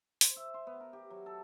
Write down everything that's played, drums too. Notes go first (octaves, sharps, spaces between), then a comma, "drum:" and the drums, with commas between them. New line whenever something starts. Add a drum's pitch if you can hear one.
C5, drum: open hi-hat
E5
C6
B3
A#4
G4
F#3
A4